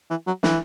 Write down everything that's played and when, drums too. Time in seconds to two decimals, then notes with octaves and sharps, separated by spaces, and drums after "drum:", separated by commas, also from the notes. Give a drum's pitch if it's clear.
0.10 E3
0.27 F#3
0.43 E3, drum: snare